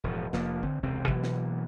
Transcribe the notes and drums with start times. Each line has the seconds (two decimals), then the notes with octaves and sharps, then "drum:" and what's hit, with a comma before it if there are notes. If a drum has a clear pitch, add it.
0.04 E1 A2 F3
0.33 F1 F3 A#3, drum: snare
0.63 D3 C4, drum: kick
0.82 E1 C#2 C3 C4
1.08 B2 E3 F#3 A#3, drum: kick
1.24 drum: snare